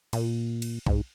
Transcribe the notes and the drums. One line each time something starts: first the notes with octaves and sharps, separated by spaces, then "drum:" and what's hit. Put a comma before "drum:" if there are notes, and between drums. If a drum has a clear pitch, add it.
A#2, drum: cymbal
drum: cymbal
G#2, drum: kick B1